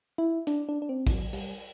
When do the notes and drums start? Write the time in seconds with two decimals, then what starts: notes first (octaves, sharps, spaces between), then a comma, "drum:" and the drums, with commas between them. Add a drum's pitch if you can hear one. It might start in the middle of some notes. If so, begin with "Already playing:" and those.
0.18 E4
0.47 D4, drum: hi-hat
0.69 D4
0.82 D4
0.89 C4
1.07 E3, drum: kick, open hi-hat
1.12 F#3
1.33 G3, drum: open hi-hat